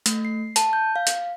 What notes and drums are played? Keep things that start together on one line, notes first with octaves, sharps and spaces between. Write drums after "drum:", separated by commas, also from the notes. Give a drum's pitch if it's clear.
A3, drum: hi-hat
C7
A5, drum: hi-hat
G6
F5
drum: hi-hat